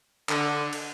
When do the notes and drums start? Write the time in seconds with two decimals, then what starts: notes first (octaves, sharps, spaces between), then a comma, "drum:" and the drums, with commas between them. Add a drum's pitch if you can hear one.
0.29 D3, drum: clap
0.73 drum: cymbal